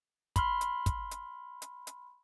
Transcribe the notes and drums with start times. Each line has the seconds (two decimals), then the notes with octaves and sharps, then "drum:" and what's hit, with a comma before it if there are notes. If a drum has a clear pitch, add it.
0.36 B5 C6 F6, drum: kick, hi-hat
0.61 drum: hi-hat
0.86 drum: kick, hi-hat
1.11 drum: hi-hat
1.62 drum: hi-hat
1.87 drum: hi-hat